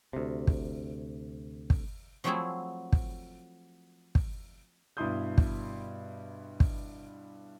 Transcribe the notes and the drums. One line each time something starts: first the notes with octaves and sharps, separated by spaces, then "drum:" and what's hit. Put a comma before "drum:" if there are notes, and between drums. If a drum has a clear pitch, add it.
D2 C3
drum: kick
drum: kick
F3 F#3 A3 C4 E4 G#4
drum: kick
drum: kick
G2 B2 E4 C6 D#6 G6
drum: kick
drum: kick